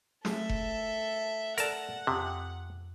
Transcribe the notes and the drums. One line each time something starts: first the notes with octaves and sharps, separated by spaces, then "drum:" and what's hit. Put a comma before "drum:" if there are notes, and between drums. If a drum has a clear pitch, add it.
A3 G#4 A4 E5, drum: snare
drum: kick F1
A4 A#4 D5 F#5 A5 E6, drum: hi-hat
F2 C3 G5 D#6